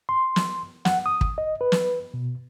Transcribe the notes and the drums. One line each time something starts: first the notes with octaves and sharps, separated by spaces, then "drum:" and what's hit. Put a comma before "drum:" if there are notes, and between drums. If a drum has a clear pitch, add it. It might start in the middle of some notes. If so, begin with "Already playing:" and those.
C6
drum: snare
F#5, drum: snare
D#6
drum: kick
D#5
B4
drum: snare
B2